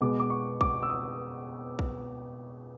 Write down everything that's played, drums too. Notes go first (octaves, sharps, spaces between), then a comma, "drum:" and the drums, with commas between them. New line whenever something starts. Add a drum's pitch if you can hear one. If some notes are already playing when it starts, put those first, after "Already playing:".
B2 G#3 B3 D6
D6
C#6
D6, drum: kick
E6
D#6
drum: kick